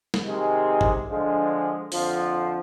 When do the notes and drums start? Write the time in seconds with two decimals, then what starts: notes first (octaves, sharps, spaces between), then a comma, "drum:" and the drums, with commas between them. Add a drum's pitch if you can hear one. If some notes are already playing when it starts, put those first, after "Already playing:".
0.14 drum: snare
0.24 C3 D#3 G#3
0.81 drum: kick
1.08 D3 F3 G#3
1.92 F2 D3 F3, drum: open hi-hat